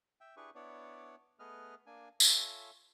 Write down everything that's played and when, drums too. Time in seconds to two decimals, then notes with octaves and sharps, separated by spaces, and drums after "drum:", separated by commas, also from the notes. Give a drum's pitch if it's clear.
0.21 E5 G5
0.37 D4 E4 G4 G#4 B4 C#6
0.55 B3 D4 E4 C#5 D5
1.39 A3 B3 G#4 B4 D#5 F6
1.86 A#3 D4 G#5
2.20 F4 A4 C#5 E5 G#5, drum: tambourine